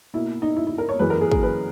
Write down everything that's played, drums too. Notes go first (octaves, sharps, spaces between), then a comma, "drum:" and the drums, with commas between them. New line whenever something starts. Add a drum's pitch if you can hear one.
B2 A#3 E4
D#4
E4
E4
A#4
C#5
F#2 E3 G#3 B4
A#4
G#4
G#4, drum: kick
B4